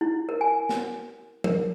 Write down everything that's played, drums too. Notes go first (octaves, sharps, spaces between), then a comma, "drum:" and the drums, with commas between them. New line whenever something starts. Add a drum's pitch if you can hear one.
E4
A#4
G#5
drum: snare
A#4, drum: tom